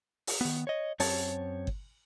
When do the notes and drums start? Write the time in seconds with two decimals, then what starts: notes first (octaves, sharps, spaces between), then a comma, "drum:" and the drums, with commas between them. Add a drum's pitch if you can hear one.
0.27 drum: open hi-hat
0.41 D#3 B3
0.67 C#5 D#5
1.00 F#2 C4 C#5 A5, drum: open hi-hat
1.67 drum: kick G1